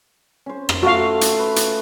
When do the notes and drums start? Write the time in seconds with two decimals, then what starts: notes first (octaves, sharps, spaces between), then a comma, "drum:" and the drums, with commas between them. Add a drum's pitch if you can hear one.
0.46 C#4 C5
0.69 drum: rim click
0.83 A3 F4 F#4 F5
1.21 drum: hi-hat
1.39 B4
1.56 drum: hi-hat